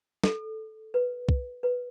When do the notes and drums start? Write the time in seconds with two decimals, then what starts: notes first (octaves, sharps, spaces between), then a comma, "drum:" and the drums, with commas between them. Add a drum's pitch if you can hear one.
0.24 A4, drum: snare
0.94 B4
1.29 drum: kick
1.63 B4